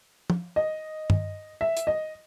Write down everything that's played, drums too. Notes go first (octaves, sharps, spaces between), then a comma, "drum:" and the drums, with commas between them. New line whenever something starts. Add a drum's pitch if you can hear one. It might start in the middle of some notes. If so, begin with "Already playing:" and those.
drum: tom
D#5
drum: tom G2
E5
drum: hi-hat
D#5